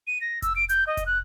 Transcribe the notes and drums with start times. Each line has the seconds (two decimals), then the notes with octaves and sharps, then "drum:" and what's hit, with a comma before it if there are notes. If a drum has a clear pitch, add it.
0.07 D#7
0.21 A#6
0.42 E6, drum: kick F1, hi-hat
0.56 D7
0.69 G6, drum: hi-hat
0.87 D#5
0.97 drum: kick F1, hi-hat
1.06 F#6